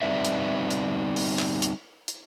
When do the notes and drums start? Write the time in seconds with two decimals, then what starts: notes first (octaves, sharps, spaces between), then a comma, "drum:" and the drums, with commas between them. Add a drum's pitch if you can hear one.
0.02 G3 C4 D#4 B4 D5 E5
0.25 drum: hi-hat
0.70 drum: hi-hat
1.16 drum: open hi-hat
1.39 drum: clap
1.62 drum: hi-hat
2.08 drum: hi-hat